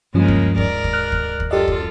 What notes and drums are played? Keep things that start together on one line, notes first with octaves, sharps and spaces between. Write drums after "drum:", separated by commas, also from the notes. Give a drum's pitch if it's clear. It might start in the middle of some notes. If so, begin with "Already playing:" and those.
G2 C#3 F3 G#3 A#3 C#4
drum: kick
G#2 A#4 D5, drum: kick
drum: kick
F6 F#6
drum: kick
drum: kick
F#2 F4 G4 A4 D5 D#5
drum: kick